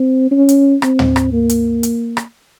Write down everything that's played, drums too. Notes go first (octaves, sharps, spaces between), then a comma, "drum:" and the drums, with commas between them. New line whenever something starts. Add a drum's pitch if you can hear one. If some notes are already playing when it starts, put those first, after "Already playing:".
Already playing: C4
C#4
drum: hi-hat
C4, drum: rim click
drum: tom
drum: rim click
A#3
drum: hi-hat
drum: hi-hat
drum: rim click